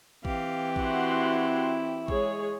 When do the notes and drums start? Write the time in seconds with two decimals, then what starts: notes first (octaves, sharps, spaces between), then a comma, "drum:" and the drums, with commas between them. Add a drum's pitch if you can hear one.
0.25 E3 C4 G4 F5, drum: kick
0.76 E4 F#4 F#5 C6, drum: kick
2.08 G#3 G#4 C#5, drum: kick